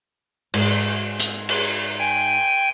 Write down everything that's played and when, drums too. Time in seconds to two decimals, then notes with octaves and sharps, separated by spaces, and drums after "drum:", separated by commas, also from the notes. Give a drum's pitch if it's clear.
0.54 G#2, drum: cymbal
1.19 drum: hi-hat
1.49 drum: cymbal
1.99 G5 G#5